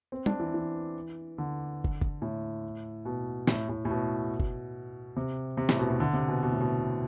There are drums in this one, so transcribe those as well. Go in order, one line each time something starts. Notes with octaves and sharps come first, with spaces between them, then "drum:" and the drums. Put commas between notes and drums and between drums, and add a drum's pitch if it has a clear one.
C4
D4, drum: tom
E3
E3
D3
drum: kick
drum: kick
A2
B2
A2, drum: snare
A2
A2
B2
drum: kick
C3
C3
A2, drum: snare
B2
B2
D3
C3
B2
B2
A2
B2